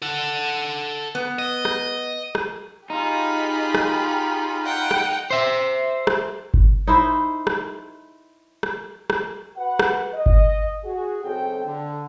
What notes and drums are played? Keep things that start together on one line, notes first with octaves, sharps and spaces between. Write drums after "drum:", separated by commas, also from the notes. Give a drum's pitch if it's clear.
A4 F#5
B3
D#5
drum: rim click
drum: rim click
D#4 F4 G4 G#4 B5
drum: rim click
F#5 G5
drum: rim click
C5 E5
drum: rim click
drum: kick G1
D#4 E4 C5
drum: rim click
drum: rim click
drum: rim click
F#4 B4 F#5
drum: rim click
D#5
drum: kick G1
F#4 G#4
B1 C#3 C4 A4 G5
D3